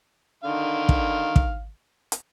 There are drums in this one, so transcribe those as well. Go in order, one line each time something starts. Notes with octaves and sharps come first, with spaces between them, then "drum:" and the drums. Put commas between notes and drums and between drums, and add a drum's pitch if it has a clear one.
D3 D#3 F5
drum: kick
drum: kick
drum: hi-hat